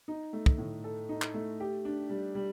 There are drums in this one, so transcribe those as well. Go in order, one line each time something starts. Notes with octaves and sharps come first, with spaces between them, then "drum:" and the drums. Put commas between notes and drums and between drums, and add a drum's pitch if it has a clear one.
D#4
A3
drum: kick
A2
A4
D#4
drum: clap
A3
G4
D4
G3
G3